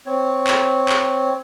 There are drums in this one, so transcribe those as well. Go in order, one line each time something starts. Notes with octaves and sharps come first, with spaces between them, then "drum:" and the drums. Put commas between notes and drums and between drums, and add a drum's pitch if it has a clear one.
C4 C#5
drum: clap
drum: clap